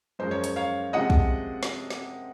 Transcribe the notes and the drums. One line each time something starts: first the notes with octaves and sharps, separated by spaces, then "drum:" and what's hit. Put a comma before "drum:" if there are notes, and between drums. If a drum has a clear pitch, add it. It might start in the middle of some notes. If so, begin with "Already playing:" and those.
F#2 F3 G#3 C5
C#5
C#5, drum: hi-hat
C#5 F5
C3 F3 G#3 D#5 F#5
drum: kick
drum: snare
drum: snare